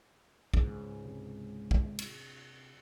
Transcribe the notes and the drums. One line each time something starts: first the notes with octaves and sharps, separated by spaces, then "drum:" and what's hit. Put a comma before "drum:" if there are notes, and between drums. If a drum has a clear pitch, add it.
C#2 G#2, drum: kick
C3
drum: kick
drum: cymbal